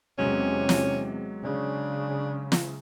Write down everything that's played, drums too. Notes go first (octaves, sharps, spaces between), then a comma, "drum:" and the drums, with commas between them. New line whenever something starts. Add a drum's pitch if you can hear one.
E2 C3 F#3 G#3 C#4
drum: snare
C#3 D4
drum: snare